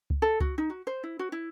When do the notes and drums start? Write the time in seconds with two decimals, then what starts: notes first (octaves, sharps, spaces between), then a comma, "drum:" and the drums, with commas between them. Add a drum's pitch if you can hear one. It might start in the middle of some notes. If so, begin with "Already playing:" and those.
0.10 drum: kick C#2
0.22 A4
0.40 F#4, drum: kick C#2
0.58 D#4
0.70 F#4
0.87 C5
1.04 E4
1.19 F#4
1.32 E4